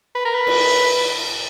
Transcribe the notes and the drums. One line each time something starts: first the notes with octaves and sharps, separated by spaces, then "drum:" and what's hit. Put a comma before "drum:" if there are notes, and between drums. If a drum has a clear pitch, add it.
B4
A#4
B4
drum: cymbal